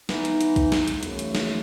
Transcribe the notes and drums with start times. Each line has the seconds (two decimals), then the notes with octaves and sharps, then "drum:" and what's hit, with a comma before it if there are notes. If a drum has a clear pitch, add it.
0.09 E3 B3 D#4, drum: snare
0.25 drum: hi-hat
0.41 drum: hi-hat
0.56 drum: kick B1, hi-hat
0.72 drum: snare
0.88 drum: hi-hat
1.03 F#2 C#3 E3 A3, drum: hi-hat
1.19 drum: hi-hat
1.35 drum: snare